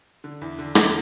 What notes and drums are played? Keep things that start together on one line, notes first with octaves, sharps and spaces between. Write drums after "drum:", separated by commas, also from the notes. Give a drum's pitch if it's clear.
D3
E2
D3
E2, drum: rim click